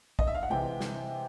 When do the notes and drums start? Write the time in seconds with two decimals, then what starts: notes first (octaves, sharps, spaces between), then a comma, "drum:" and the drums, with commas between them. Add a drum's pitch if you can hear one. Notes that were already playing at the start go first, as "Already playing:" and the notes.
0.19 D#5, drum: kick
0.27 E5
0.35 F5
0.43 F#5
0.50 C3 E3 G#3 G5
0.81 drum: snare